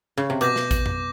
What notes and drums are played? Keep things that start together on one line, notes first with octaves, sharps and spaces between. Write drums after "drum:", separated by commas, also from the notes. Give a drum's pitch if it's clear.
C#3
C3
B2 D6 G6 A#6, drum: hi-hat
drum: snare
drum: kick A1, hi-hat
drum: tom F2